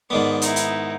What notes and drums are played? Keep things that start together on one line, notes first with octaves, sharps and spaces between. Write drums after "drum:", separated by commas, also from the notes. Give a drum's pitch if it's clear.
G#2 D#3 B3 D5
D#4 E4, drum: hi-hat
drum: hi-hat